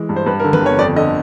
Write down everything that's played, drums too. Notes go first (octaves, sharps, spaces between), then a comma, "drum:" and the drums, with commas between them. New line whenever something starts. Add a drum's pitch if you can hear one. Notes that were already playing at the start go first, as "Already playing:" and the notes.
Already playing: E3 G#3
G2
C5
G2 B4
A#4
D3
B4, drum: tom D3
G1 C#5
F2 D5
D3 D#5